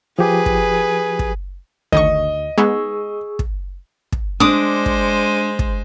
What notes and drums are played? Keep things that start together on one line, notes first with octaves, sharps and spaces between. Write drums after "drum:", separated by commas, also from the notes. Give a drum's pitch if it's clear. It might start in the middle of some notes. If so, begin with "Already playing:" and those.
F3 G4 G#4 B4
drum: kick
drum: kick
D2 D3 D#3 D#5 C#6, drum: kick
G#3 B3 D#4 G#4 C#6 E6
drum: kick
drum: kick
G#3 D4 C5 D6 D#6
drum: kick
drum: kick